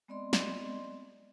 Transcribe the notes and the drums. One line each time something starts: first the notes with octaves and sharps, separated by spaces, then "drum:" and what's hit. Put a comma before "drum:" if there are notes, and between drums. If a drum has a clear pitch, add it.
G#3 B3 C4 D5 D#5 C6
drum: snare